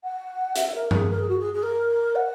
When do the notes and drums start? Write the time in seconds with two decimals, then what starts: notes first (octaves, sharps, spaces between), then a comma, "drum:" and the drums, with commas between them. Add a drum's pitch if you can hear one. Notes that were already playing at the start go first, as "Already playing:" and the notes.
0.03 F#5
0.56 E5, drum: hi-hat
0.74 A#4
0.91 G#4, drum: tom G2
1.10 A#4
1.19 G#4
1.28 F#4
1.39 G#4
1.53 G#4
1.62 A#4
2.15 F#5